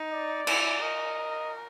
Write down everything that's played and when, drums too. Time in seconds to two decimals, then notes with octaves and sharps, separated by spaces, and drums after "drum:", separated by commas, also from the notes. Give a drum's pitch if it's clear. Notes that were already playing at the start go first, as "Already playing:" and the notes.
Already playing: D#4
0.12 D5
0.47 E4, drum: cymbal
0.82 A#4 D#5